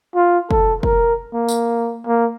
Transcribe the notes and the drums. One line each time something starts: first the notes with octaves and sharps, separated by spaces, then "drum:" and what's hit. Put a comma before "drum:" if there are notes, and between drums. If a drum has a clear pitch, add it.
F4
A4, drum: kick
A#4, drum: kick
A#3
drum: tambourine
A#3